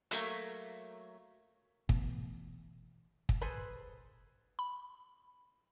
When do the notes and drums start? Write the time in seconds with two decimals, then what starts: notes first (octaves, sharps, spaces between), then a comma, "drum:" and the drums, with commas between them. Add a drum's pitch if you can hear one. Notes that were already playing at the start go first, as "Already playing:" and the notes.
0.11 F#3 A3 A#3, drum: hi-hat
1.89 B2 E3 A3 B3, drum: kick
3.29 drum: kick
3.41 G#4 A4 B4 C5 G#5
4.59 B5